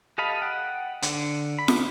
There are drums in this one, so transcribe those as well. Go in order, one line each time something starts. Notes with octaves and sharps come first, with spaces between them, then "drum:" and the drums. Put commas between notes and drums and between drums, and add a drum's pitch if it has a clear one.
G4 A4 D#5 F5 B5
F#5 G5
D3, drum: hi-hat
B5
drum: snare